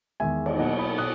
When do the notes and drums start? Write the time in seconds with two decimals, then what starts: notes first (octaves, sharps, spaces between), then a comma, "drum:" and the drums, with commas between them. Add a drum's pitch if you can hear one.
0.20 E2 D#3 G#3 E5 G#5
0.46 drum: cymbal
0.59 B2 F#3 A#3 D#5 F#5
0.79 B5 D#6
0.98 B2 D#6 F#6